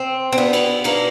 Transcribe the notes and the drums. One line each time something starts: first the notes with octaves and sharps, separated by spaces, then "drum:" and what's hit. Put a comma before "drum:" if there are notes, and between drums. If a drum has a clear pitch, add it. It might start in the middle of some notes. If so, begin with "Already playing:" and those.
Already playing: C4
C4
B3 D4 F#4 B4 D5 F5
drum: cymbal
A#3 D4 F#4 B4 D5 F5, drum: cymbal